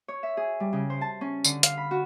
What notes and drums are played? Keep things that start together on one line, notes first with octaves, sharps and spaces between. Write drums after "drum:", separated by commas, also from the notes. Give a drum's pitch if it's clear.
C#5
E5
G#4
G3
C#3
C5
A5
C#4
D3, drum: tambourine
F5, drum: hi-hat
B5
F#4